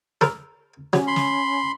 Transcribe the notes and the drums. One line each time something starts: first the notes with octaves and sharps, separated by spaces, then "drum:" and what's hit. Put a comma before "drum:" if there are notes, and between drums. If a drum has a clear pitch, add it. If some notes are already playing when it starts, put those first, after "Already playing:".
A4 A#4, drum: snare
F#3 C#4, drum: snare
B5 C6
drum: snare